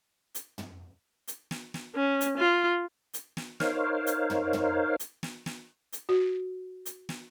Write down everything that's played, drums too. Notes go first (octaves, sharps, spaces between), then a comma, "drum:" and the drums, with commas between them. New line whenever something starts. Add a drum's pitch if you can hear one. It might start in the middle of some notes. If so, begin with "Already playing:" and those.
drum: hi-hat
drum: tom
drum: hi-hat
drum: snare
drum: snare
C#4
drum: hi-hat
F4
drum: hi-hat
drum: snare
D#4 A#4 C5 C#5 F5, drum: snare
drum: hi-hat
drum: tom
drum: tom
drum: hi-hat
drum: snare
drum: snare
drum: hi-hat
F#4
drum: hi-hat
drum: snare